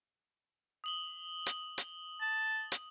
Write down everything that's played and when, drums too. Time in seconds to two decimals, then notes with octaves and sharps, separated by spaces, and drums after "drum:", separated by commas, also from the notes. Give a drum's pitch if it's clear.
0.84 D#6 F#7 G7
1.46 drum: hi-hat
1.78 drum: hi-hat
2.21 A5
2.72 drum: hi-hat